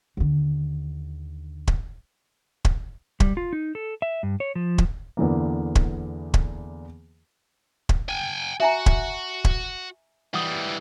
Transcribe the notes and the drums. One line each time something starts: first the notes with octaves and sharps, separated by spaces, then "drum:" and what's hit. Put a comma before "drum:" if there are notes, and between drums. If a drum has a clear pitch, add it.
D#2 D3
drum: kick
drum: kick
G3, drum: kick
F4
D#4
A4
E5
G2
C#5
F3
drum: kick
E2 D3 E3 A#3
drum: kick
drum: kick
drum: kick
G5 G#5
F#4 E5 G#5 A#5
drum: kick
drum: kick
E3 G3 F#5 D#6